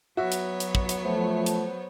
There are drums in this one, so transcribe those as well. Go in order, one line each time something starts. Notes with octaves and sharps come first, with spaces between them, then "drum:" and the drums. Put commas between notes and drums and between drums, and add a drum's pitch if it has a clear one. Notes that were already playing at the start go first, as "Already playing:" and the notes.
F#3 B3 F#4 C#5 E5
drum: hi-hat
drum: hi-hat
drum: kick
drum: hi-hat
F3 A3 C5
drum: hi-hat